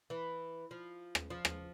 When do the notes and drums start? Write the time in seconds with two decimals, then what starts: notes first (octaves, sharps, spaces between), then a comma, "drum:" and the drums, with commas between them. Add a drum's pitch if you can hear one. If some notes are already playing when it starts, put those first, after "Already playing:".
0.10 E3
0.71 F3
1.15 drum: rim click
1.30 F3
1.45 drum: rim click